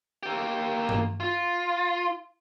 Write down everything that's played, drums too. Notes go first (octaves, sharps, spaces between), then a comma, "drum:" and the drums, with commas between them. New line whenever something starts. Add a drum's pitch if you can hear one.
A#3 G4
drum: tom G2
F4